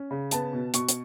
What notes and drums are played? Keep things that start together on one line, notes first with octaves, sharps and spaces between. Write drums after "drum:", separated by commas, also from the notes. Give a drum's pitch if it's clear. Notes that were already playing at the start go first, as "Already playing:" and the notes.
Already playing: C#4
C#3
B3 A5, drum: hi-hat
B2
B2 C#6, drum: hi-hat
drum: hi-hat